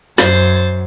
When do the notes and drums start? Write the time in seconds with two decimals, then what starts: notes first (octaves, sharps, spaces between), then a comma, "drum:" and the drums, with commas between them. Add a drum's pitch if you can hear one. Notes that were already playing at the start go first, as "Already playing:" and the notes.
0.18 F#2 C5 A6, drum: snare